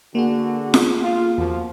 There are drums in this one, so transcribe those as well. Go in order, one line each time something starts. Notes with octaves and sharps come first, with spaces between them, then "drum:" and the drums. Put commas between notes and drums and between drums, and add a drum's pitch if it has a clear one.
D3 A#3 F#4 G#4
drum: snare
F4
E2 F3 A#3 F#4